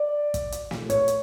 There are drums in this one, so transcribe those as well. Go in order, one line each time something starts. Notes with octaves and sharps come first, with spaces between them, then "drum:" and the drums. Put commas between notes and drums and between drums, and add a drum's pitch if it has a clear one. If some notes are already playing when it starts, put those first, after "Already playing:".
Already playing: D5
drum: kick, hi-hat
drum: hi-hat
drum: snare
C#5, drum: hi-hat
drum: hi-hat